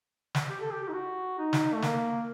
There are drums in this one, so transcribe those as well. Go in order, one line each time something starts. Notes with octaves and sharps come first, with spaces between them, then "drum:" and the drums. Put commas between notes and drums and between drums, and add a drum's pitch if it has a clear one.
drum: snare
G4
A4
G4
G4
D#4
F#4
D#4
drum: snare
A3
A#3, drum: snare